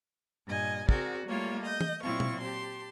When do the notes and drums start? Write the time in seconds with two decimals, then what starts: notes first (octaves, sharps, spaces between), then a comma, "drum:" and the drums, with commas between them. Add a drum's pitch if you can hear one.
0.46 G2 A#2 D#5 G#5
0.89 C4 F#4 G#4 A#4 D5, drum: kick
1.26 G3 A3 A#3 F4 C#5
1.64 D#5 G6
1.81 drum: tom
2.03 A#2 F#3 C4 E4 F4 C#6
2.20 drum: tom
2.41 G4 A5 C6